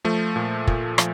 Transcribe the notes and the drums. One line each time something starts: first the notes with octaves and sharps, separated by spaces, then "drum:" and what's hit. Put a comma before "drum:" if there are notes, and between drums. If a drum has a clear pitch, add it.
F3 A3
A#2
A#2, drum: kick
F3, drum: rim click